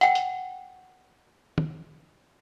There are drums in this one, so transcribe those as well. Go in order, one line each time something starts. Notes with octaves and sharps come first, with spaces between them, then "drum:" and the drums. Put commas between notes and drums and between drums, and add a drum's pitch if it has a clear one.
F#5 G5, drum: hi-hat
drum: hi-hat
drum: tom